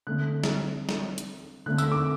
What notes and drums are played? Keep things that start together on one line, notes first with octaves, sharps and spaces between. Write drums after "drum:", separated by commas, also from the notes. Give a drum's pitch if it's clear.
D3 A3 C4 F#6
drum: snare
drum: snare
drum: hi-hat
D3 A3 C4 F#6
E6, drum: tambourine
D6